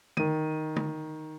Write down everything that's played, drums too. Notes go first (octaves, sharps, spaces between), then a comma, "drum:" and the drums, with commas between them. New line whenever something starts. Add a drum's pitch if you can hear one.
D#3 D#7, drum: tom
drum: tom